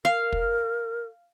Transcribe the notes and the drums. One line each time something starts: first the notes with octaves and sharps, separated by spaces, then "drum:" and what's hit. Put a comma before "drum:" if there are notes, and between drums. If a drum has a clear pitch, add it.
A#4 F5
drum: kick